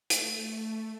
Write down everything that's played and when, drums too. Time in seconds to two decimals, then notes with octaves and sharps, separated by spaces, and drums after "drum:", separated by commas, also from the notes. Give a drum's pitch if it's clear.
0.10 A3, drum: hi-hat